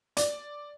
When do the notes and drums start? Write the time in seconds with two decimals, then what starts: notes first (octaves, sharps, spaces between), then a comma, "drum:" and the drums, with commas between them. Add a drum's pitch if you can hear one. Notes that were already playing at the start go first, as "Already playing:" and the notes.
0.17 D5, drum: hi-hat